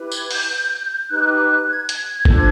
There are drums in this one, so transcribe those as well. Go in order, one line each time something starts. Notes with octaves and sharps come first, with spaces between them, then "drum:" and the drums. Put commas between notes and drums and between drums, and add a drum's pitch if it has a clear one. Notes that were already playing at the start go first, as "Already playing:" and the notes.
Already playing: E4 G4 B4
G#6, drum: tambourine
G6, drum: open hi-hat
D#4 G4 B4 F#6
G#6
G#6, drum: hi-hat
G#6
D4 F4 A4 C5, drum: kick G#1
G#6